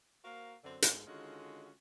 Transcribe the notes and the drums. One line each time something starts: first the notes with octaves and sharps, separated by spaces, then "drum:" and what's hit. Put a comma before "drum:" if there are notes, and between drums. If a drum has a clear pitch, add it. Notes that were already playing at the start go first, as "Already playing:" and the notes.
A#3 F#4 A#4 C5 F5
F#2 D3 C4
G#2, drum: hi-hat
D3 D#3 G#3 C#4 F4 F#4